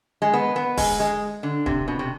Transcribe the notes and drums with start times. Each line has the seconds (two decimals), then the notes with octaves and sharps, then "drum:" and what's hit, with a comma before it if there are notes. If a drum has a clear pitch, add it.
0.22 G#3
0.34 B3
0.56 B3
0.77 G#3, drum: kick, open hi-hat
1.00 G#3
1.43 D3
1.66 C3, drum: kick
1.88 B2
1.99 C3